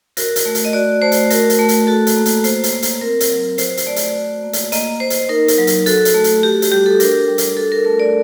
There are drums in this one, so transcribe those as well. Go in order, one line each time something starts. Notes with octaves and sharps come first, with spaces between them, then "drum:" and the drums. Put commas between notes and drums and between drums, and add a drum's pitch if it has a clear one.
F#4 A#4, drum: hi-hat
drum: hi-hat
A3
drum: hi-hat
D#5
F#4 D5
A3 C5
drum: hi-hat
F#4 A#4, drum: hi-hat
drum: hi-hat
A3
drum: hi-hat
F#4 A4
drum: hi-hat
A#3
drum: hi-hat
A#3 C5, drum: hi-hat
drum: hi-hat
A#3
drum: hi-hat
C4 A#4
drum: hi-hat
F#3
F#4 C5, drum: hi-hat
drum: hi-hat
A3 D5
drum: hi-hat
F#4
A#3
drum: hi-hat
A#3 D#5, drum: hi-hat
A#3 C5
drum: hi-hat
D#4 A#4
drum: hi-hat
F#3
drum: hi-hat
F#4 A4, drum: hi-hat
drum: hi-hat
A3
drum: hi-hat
F#4 G4
drum: hi-hat
G3 G4
A4
D4 A#4, drum: hi-hat
G3
drum: hi-hat
F#4 A4
A#4
A3 A#4
D5